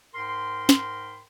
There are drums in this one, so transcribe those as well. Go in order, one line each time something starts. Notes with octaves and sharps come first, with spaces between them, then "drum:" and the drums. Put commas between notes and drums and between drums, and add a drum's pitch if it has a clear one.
G#2 A#4 G5 B5 C6
drum: snare